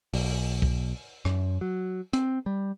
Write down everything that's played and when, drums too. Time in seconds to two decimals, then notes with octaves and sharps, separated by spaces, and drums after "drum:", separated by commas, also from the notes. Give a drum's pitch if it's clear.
0.14 B1, drum: open hi-hat
0.62 drum: kick
1.25 F#2, drum: rim click
1.61 F#3
2.13 C4, drum: hi-hat
2.46 G3